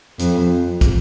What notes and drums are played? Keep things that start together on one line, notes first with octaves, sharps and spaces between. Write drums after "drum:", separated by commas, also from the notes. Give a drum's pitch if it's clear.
F2, drum: hi-hat
drum: kick, hi-hat